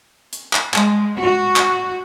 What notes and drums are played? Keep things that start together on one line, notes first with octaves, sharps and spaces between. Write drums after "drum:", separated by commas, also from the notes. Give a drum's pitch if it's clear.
drum: hi-hat
drum: clap
G#3, drum: clap
F#4
drum: clap